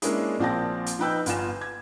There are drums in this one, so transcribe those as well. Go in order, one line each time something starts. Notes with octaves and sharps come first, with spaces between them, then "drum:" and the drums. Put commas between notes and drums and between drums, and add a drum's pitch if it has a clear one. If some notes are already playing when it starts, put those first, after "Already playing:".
G#3 A#3 C#4 D4 E4 G#4, drum: hi-hat
A#1 F3 C4 G5 A5 A#6
drum: hi-hat
F3 D#4 B4 G5 E6 G6
G1 B3 F4 G#5 E7, drum: hi-hat
G#6